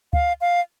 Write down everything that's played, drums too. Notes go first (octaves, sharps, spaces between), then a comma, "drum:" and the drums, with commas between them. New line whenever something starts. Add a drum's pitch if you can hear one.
F5, drum: kick
F5